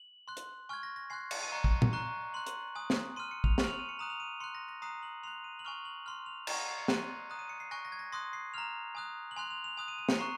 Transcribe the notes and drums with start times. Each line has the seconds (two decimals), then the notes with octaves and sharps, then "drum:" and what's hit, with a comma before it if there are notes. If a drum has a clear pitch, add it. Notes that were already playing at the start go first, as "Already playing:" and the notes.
Already playing: F#7
0.28 C6 F#6
0.37 drum: hi-hat
0.69 G#5 C#6 F6 G#6
0.83 A#6
0.96 A#6
1.10 G#5 C6 F#6 C7
1.31 C#7, drum: cymbal
1.43 D#7
1.52 A#5 C#6 F#6 C#7
1.64 drum: kick
1.82 drum: tom
1.93 A#5 C#6 F#6
2.34 C6 F#6 F#7
2.47 drum: hi-hat
2.75 G#5 D#6 F#6
2.90 drum: snare
3.16 C6 F6 D#7
3.31 C#7
3.44 F7, drum: kick
3.58 G#5 C#6 F6 F#7, drum: snare
3.68 F7
3.79 D#7
3.89 C#7
3.99 A#5 D#6 F#6 F7
4.10 F7
4.20 D#7
4.40 C6 F#6 C#7
4.55 A#6
4.68 A#6
4.82 A#5 D#6 F#6 C7
5.03 F#7
5.23 C6 F#6 F7
5.44 D#7
5.59 F#7
5.64 G#5 C#6 F6 F7
5.85 F#7
6.06 C6 F6 F#7
6.26 F7
6.47 A#5 C#6 F6 G#6, drum: cymbal
6.58 A#6
6.68 C7
6.78 C#7
6.88 C6 F#6 D#7, drum: snare
7.29 A#5 D#6 F#6
7.39 D#7
7.49 C#7
7.60 C7
7.71 G#5 C#6 F#6 A#6
7.85 A#6
7.92 G#6
7.99 A#6
8.12 C6 D#6 F#6 A#6
8.33 C7
8.54 A#5 F6 F7
8.95 G#5 D#6 F#6
9.31 F#7
9.36 G#5 C6 F#6 F7
9.51 F7
9.64 F7
9.77 G#5 D#6 F#6 F7
9.88 D#7
9.99 D#7
10.09 C#7, drum: snare
10.19 A#5 C#6 F#6 C7